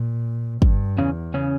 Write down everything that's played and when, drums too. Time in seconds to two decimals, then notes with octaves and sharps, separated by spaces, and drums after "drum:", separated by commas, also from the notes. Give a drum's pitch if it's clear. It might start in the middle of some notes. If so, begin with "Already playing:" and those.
Already playing: A#2
0.62 G2, drum: kick
0.98 E2 C#3 C#4
1.34 C#3 C#4